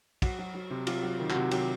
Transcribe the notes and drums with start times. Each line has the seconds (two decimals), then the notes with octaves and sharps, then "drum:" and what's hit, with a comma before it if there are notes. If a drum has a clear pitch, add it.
0.22 F#3 F#4, drum: kick, cymbal
0.39 F#3
0.54 F#3
0.70 C3
0.87 F#3 F4, drum: cymbal
1.03 F#3
1.20 D#3
1.30 F#4, drum: clap
1.35 C3
1.51 F#3 G4, drum: cymbal